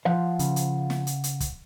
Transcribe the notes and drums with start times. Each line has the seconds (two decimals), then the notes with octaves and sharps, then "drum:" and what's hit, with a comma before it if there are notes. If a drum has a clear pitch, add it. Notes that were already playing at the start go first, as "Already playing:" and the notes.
0.05 F3 C5 F5 F#5
0.39 C#3, drum: hi-hat
0.56 drum: hi-hat
0.90 drum: snare
1.07 drum: hi-hat
1.24 drum: hi-hat
1.40 drum: kick, hi-hat